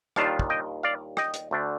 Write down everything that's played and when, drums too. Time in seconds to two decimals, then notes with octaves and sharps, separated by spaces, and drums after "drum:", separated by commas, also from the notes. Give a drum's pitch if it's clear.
0.16 D#2 D#3 G3 D4 F4 F5 A5, drum: rim click
0.39 drum: kick
0.50 D#5 G5
0.83 D5 F5
1.17 D#5 G5, drum: rim click
1.34 drum: hi-hat
1.51 D2 D3 A3 D4